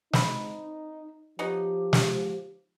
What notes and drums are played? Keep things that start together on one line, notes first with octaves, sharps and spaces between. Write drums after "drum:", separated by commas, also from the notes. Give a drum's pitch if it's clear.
C4 D#4 B5, drum: snare
F3 B3 C#4 D#4 G4
drum: snare